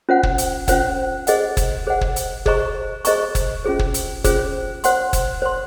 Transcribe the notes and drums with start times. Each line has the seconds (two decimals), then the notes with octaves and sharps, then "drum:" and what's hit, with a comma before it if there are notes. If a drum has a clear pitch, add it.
0.09 C#4 F4 C5 F#5
0.23 drum: kick
0.38 drum: hi-hat
0.68 C#4 F4 C5 F#5, drum: kick, hi-hat
1.27 G#4 C5 D#5 F#5, drum: hi-hat
1.57 drum: kick, hi-hat
1.87 G#4 C5 D#5 F#5
2.01 drum: kick
2.16 drum: hi-hat
2.46 G#4 C5 D#5 A#5 C#6, drum: kick
3.05 G#4 C5 D#5 A#5 C#6, drum: hi-hat
3.35 drum: kick, hi-hat
3.64 C#4 F4 G#4 C5
3.79 drum: kick
3.94 drum: hi-hat
4.24 C#4 F4 G#4 C5, drum: kick, hi-hat
4.84 C5 F#5 C6, drum: hi-hat
5.13 drum: kick, hi-hat
5.42 C5 F#5 C6